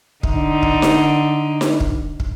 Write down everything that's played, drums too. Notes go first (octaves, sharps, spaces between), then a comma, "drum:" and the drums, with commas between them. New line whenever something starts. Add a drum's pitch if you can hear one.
D3 D#4, drum: kick
drum: kick
drum: snare D#4
drum: snare D#4
drum: kick
drum: kick